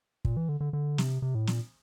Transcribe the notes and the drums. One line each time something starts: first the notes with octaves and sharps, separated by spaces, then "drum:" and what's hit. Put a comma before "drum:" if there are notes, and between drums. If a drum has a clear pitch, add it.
A#2, drum: kick
E3
D3
D3
D3
C3, drum: snare
C3
A2
A#2, drum: snare